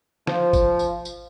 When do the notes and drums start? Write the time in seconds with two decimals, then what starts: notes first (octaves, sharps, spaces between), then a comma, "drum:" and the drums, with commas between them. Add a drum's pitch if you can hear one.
0.27 F3, drum: snare
0.53 drum: kick G#1, tambourine
0.79 drum: tambourine
1.05 drum: tambourine